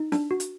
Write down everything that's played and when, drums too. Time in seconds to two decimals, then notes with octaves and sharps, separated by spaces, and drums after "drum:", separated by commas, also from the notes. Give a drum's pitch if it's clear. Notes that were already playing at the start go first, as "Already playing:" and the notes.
Already playing: D#4
0.12 D4, drum: snare
0.31 F#4
0.40 drum: hi-hat